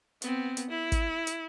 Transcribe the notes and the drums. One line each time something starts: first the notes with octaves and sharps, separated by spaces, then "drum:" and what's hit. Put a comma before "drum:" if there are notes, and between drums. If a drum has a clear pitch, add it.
B3 C4, drum: hi-hat
drum: hi-hat
E4
drum: kick, hi-hat
drum: hi-hat